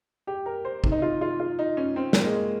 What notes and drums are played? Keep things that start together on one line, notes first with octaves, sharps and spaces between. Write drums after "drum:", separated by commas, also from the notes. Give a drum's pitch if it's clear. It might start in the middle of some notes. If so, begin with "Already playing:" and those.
G4
A#4
C5
C3 D#3, drum: kick
D#4
F4
F4
F4
D#4
C#4
C4
A#3, drum: snare
G#3